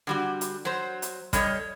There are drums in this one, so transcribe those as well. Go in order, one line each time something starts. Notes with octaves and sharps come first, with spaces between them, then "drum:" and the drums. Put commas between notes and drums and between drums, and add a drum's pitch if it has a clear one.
D3 G3 F#4
drum: hi-hat
F#3 C5
drum: hi-hat
G3 A4 C#5 D#5, drum: kick, hi-hat